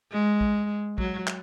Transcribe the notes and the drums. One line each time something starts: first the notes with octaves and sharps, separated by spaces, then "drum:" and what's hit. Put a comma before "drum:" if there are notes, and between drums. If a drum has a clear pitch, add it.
G#3
drum: kick
F#3, drum: kick
drum: clap